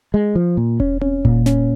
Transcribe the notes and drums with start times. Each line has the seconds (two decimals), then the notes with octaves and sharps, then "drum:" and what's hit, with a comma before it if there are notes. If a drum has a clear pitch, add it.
0.14 G#3
0.35 F3
0.57 A#2
0.80 C#4, drum: kick E1
1.01 C#4, drum: tom C4
1.25 A#2, drum: kick E1
1.46 C#4, drum: snare